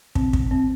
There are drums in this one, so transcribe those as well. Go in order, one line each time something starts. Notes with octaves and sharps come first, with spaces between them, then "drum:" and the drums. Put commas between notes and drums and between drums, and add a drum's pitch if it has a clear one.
C4, drum: kick
drum: kick
C4